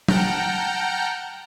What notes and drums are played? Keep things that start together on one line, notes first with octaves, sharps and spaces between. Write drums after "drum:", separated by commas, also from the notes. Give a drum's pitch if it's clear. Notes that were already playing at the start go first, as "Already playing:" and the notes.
F#5 G5 A5 A#5 F6 G6, drum: tom F#3